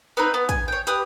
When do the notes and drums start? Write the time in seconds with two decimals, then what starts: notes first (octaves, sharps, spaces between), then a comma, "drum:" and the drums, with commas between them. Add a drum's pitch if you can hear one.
0.17 B3 C4 D#4 B4
0.34 B3
0.49 G#5, drum: kick, hi-hat
0.68 C#5 G5
0.87 G4 B4 D#6, drum: hi-hat